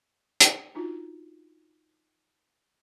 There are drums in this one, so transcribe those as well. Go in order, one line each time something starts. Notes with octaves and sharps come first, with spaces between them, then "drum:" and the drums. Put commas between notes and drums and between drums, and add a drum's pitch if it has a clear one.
drum: hi-hat
D4 D#4 F4 F#4